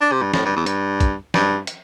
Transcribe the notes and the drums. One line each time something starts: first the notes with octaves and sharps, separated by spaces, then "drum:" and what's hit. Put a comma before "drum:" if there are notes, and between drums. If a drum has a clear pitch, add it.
D4
C3
G2
A2, drum: snare
G2
E2
G2, drum: hi-hat
drum: kick, hi-hat
G2, drum: snare
drum: hi-hat